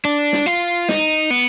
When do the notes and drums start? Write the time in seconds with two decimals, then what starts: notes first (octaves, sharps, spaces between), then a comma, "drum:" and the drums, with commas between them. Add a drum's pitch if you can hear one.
0.05 D4
0.33 drum: snare
0.46 F4
0.89 D#4, drum: snare
1.30 B3